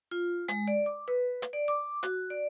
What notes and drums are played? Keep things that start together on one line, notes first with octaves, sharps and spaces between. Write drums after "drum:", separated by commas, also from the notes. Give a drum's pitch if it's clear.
F4
G#3, drum: hi-hat
D5
D6
B4
drum: hi-hat
D5
D6
F#4, drum: hi-hat
D5